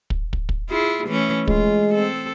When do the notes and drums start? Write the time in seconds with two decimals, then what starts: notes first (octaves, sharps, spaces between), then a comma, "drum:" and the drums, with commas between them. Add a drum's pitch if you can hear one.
0.10 drum: kick
0.33 drum: kick
0.49 drum: kick
0.70 E4 F4 G#4
1.07 E3 A3 C#4
1.47 G#3 F4, drum: kick
1.94 C4 A4